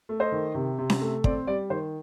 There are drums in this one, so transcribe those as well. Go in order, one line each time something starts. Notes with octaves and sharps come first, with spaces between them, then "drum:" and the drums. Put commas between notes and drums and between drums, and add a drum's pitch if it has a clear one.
A3
C5 D#5
D#3
C3
C3
drum: snare C#4
A3
C4 D5, drum: kick
G3 D5
D#3 C5